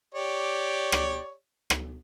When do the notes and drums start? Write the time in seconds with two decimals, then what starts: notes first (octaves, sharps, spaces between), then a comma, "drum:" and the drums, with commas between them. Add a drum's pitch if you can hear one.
0.15 G4 C#5 D5
0.92 drum: rim click
1.70 drum: rim click